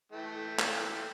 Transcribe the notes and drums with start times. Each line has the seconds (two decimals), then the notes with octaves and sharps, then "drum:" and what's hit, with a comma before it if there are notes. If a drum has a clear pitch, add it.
0.12 E3 A3 G5
0.59 drum: clap